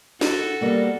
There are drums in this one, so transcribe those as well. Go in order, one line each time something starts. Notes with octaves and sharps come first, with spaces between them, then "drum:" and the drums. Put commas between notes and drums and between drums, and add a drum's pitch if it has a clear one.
F#4 A4, drum: snare
G3 A#3 B3